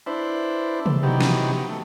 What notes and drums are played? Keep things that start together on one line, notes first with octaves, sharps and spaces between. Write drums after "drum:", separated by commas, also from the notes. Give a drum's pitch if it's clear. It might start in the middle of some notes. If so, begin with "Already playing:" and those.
D4 E4 B4 C5
drum: tom C3
C3 E3 F#3 B3 D#4 G4
drum: snare
A3